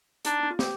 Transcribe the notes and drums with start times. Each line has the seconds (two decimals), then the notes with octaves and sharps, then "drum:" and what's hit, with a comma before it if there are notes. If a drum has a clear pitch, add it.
0.25 D4 D#4, drum: hi-hat
0.43 D#4
0.50 F4
0.59 G4, drum: snare